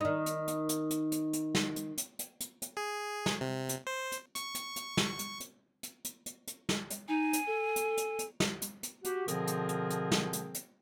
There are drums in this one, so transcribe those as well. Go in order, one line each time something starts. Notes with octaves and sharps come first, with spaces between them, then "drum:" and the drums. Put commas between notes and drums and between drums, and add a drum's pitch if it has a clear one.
D#3 D#4
drum: hi-hat
drum: hi-hat
drum: hi-hat
drum: hi-hat
drum: hi-hat
drum: hi-hat
drum: snare
drum: hi-hat
drum: hi-hat
drum: hi-hat
drum: hi-hat
drum: hi-hat
G#4
drum: snare
C3
drum: hi-hat
C5
drum: hi-hat
C#6, drum: hi-hat
drum: hi-hat
drum: hi-hat
drum: snare
drum: hi-hat
drum: hi-hat
drum: hi-hat
drum: hi-hat
drum: hi-hat
drum: hi-hat
drum: snare
drum: hi-hat
D#4 G#5
drum: hi-hat
A4
drum: hi-hat
drum: hi-hat
drum: hi-hat
drum: snare
drum: hi-hat
drum: hi-hat
F#4 G4, drum: hi-hat
B2 D3 F3 C4 G#4 A#4, drum: hi-hat
drum: hi-hat
drum: hi-hat
drum: hi-hat
drum: snare
drum: hi-hat
drum: hi-hat